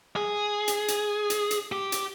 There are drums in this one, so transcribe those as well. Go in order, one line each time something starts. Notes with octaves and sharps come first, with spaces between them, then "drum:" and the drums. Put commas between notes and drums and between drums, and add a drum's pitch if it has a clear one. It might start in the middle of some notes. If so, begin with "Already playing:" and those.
G#4
drum: hi-hat
drum: hi-hat
drum: hi-hat
drum: hi-hat
G4
drum: hi-hat